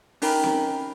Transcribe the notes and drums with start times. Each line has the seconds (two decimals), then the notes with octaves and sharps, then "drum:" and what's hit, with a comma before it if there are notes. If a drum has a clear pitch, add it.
0.22 C#4 D#4 A#4 G5 A#5 B5, drum: open hi-hat
0.44 drum: snare C4